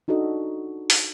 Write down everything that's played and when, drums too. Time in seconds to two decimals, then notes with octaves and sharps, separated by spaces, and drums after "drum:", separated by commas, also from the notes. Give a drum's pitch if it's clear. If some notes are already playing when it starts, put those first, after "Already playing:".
0.08 D4 D#4 F#4 A4 D#5
0.90 drum: open hi-hat